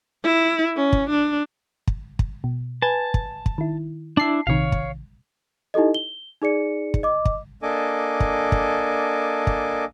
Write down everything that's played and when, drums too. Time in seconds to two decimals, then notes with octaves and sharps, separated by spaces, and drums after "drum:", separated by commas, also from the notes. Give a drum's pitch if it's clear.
0.24 E4
0.77 C#4
0.93 drum: kick
1.10 D4
1.87 drum: kick
2.19 drum: kick
2.44 B2
2.82 B4 G#5 A5 G#6
3.14 drum: kick
3.46 drum: kick
3.58 D#3 E4
4.17 D4 E4 A5 C7
4.47 A#1 C3 D#3 C#5 F5
4.72 drum: kick
5.74 D#4 E4 G4 A4 D#5
5.94 G7
6.42 D#4 G#4 D5 C#7
6.94 drum: kick
7.03 D#5 D6
7.25 drum: kick
7.63 A#3 D4 A4 D#5 G#5 D6
8.20 drum: kick
8.52 drum: kick
9.47 drum: kick